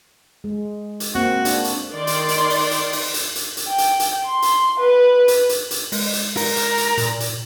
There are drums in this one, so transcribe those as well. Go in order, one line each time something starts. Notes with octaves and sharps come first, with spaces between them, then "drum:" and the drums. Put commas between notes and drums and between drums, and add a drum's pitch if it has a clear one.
G#3
drum: hi-hat
A#3 C4 F#4
D4, drum: hi-hat
drum: hi-hat
D#3 D5 C6
drum: hi-hat
drum: hi-hat
drum: open hi-hat
drum: hi-hat
drum: open hi-hat
drum: hi-hat
drum: hi-hat
drum: hi-hat
G5
drum: hi-hat
drum: hi-hat
C6
drum: hi-hat
B4
drum: hi-hat
drum: hi-hat
drum: hi-hat
G#3, drum: open hi-hat
drum: hi-hat
A#4, drum: open hi-hat
drum: hi-hat
drum: hi-hat
A#2, drum: hi-hat
drum: hi-hat